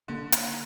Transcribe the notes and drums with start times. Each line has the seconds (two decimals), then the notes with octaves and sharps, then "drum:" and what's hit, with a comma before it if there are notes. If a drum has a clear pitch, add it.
0.08 D3 A#3
0.32 drum: hi-hat